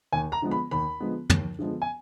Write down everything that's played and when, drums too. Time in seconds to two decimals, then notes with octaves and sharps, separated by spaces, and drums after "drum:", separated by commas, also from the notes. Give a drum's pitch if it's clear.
0.12 D#2 G#5
0.32 A#5
0.42 D3 F3 G#3 B3
0.51 B5
0.71 D#2 B5
1.00 D3 F3 G#3 B3
1.30 D#2, drum: tom
1.59 D3 F3 G#3 B3
1.82 G#5